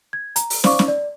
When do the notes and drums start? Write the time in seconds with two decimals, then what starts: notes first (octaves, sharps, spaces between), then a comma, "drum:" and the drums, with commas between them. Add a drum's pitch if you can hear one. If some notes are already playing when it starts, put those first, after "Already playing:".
0.13 G#6
0.36 A#5, drum: hi-hat
0.50 drum: open hi-hat
0.64 C5 D5 F5 C#6 D6, drum: snare
0.79 drum: snare
0.88 D5